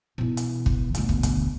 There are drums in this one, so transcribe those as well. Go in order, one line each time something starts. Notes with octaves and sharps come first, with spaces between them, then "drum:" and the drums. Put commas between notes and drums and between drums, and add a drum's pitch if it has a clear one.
B2 E3
drum: hi-hat
drum: kick
D2 B2, drum: hi-hat
drum: kick
drum: kick, hi-hat